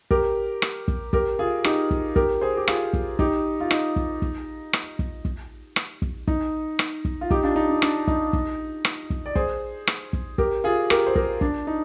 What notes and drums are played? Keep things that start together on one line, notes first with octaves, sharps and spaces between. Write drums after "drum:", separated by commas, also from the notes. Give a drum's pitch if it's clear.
G4 A#4, drum: kick
drum: rim click
drum: kick
G4 A#4, drum: kick
F4 G#4
D#4 G4, drum: rim click
drum: kick
G4 A#4, drum: kick
G#4 C5
G4
F4 G#4, drum: rim click
drum: kick
D#4 G4, drum: kick
F4
D#4, drum: rim click
drum: kick
drum: kick
drum: rim click
drum: kick
drum: kick
drum: rim click
drum: kick
D#4, drum: kick
drum: rim click
drum: kick
F4
D#4 G4, drum: kick
D4 F4
D#4
D4
D4, drum: rim click
D#4, drum: kick
drum: kick
drum: rim click
drum: kick
D5
G#4 C5, drum: kick
drum: rim click
drum: kick
G4 A#4, drum: kick
F4 G#4
G4 A#4, drum: rim click
C5
G4 A#4, drum: kick
D4, drum: kick
D#4